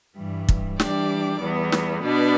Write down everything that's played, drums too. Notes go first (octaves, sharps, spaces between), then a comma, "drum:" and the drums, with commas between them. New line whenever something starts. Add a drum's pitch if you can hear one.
G2 E3 G3
drum: kick
E3 G3 D4 G4 D5, drum: snare
E2 E3 G3 B3
drum: snare
B2 B3 D4 B4 D5